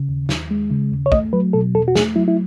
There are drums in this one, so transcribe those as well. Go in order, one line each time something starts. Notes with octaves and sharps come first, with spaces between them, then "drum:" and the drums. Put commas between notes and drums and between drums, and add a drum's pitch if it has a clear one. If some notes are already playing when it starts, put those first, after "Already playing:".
Already playing: C#3
D#2
D#2, drum: snare
G#3
C#3
D#2
C#5
A3 D#5, drum: kick
F#3 B4
B2 A4
E2 A4
F#4
A3 G#4, drum: snare
F#3 E4
E4